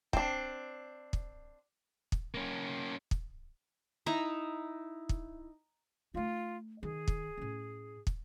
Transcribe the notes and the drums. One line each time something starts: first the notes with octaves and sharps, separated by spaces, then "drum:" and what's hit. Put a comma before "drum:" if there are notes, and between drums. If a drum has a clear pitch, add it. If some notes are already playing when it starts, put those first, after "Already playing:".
C4 D4, drum: kick
drum: kick
drum: kick
A#3 C#4
drum: kick
D#4 E4 E5 A#5
drum: kick
A3 D#4 F4
D#3 G#4
drum: kick
A2 C#4
drum: kick